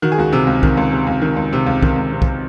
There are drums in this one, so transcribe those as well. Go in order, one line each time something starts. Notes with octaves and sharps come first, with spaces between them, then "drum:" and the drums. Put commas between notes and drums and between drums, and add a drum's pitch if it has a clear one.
D#3 F#4
G#4
C#2 F#4
C3
C#2
D#3, drum: kick B1
C#2
C3
C#2
D#3
C#2
C3
C#2
D#3, drum: kick B1
C#2
C3
drum: kick B1